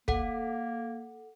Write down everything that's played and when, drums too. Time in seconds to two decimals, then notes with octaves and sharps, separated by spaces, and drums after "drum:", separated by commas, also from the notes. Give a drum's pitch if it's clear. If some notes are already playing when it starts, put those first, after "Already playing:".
0.08 A#3 A4 F#5, drum: kick